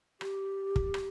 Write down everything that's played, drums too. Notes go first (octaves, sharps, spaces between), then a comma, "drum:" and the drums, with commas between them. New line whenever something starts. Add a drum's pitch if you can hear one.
G4, drum: rim click
drum: kick
drum: rim click